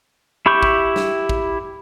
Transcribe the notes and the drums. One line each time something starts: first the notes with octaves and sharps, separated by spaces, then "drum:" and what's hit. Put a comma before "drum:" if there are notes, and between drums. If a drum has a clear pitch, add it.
E4 G4 B5 C#6 G6
drum: kick
drum: snare
drum: kick